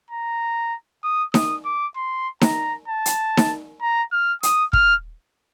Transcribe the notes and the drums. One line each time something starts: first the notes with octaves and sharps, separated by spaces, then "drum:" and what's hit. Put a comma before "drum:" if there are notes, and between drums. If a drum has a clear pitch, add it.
A#5
D#6
D#6, drum: snare D#4
D6
C6
A#5, drum: snare D#4
A5
drum: hi-hat
drum: snare D#4
A#5
F6
D#6, drum: hi-hat
F6, drum: kick